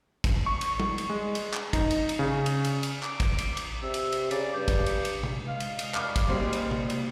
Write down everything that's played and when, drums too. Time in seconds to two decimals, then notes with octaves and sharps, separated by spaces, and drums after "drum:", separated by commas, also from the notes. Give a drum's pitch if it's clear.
0.24 drum: kick, cymbal
0.46 C#6
0.61 drum: cymbal
0.80 drum: tom
0.98 drum: cymbal
1.09 G#3
1.35 drum: cymbal
1.54 drum: clap
1.73 D#4, drum: kick, cymbal
1.91 drum: cymbal
2.09 drum: cymbal
2.19 C#3
2.46 drum: cymbal
2.64 drum: cymbal
2.83 drum: cymbal
3.03 D6, drum: clap
3.20 drum: kick, cymbal
3.38 drum: cymbal
3.57 drum: cymbal
3.82 C3 E5
3.94 drum: cymbal
4.12 drum: cymbal
4.31 C#3 D5, drum: cymbal
4.54 G2 G4
4.68 drum: kick, cymbal
4.86 drum: cymbal
5.05 drum: cymbal
5.23 drum: tom C3
5.48 G#3 F5
5.60 drum: cymbal
5.79 drum: cymbal
5.94 G3 D6 F6, drum: clap
6.16 drum: kick, cymbal
6.28 G#1 G3 G#3 A#3 C4
6.53 drum: cymbal
6.71 drum: tom C3
6.90 drum: cymbal